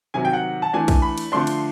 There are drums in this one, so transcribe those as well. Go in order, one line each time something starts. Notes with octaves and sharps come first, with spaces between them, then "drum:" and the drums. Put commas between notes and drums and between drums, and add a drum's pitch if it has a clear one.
C3 D#3 F#3 G#5
G5
F#5
A5
E3 A3 D4 G#5
drum: kick, cymbal
B5
drum: cymbal
D3 F3 A3 D4 C6
drum: cymbal